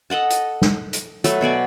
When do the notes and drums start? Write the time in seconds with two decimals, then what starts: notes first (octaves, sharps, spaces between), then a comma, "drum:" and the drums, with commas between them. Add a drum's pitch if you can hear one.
0.10 A4 D#5 F#5 A5
0.30 drum: hi-hat
0.62 drum: snare
0.93 drum: hi-hat
1.24 F#3 A3 A4 B4, drum: hi-hat
1.41 B2 F#4 D5 G#5